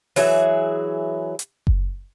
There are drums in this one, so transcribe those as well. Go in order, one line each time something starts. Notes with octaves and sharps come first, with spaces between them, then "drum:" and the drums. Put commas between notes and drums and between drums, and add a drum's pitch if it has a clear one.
E3 F#3 G#4 E5, drum: open hi-hat
drum: hi-hat
drum: kick F#1